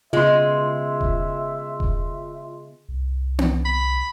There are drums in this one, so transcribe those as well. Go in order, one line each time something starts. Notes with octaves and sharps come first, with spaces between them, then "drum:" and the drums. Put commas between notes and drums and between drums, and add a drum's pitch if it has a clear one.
C#3 G#3 B3 F4 E5 C6
drum: kick E1
drum: kick E1
C2
drum: tom B3
B5